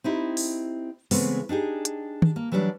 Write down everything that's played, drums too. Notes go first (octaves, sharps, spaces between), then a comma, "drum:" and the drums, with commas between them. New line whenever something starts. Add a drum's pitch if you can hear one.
C4 D#4 E4 G4
drum: open hi-hat
C#3 E3 G#3 A3 B3 C4, drum: open hi-hat
D4 D#4 G4 G#4
drum: hi-hat
drum: tom
A#3
E3 F#3 G3 A3 D4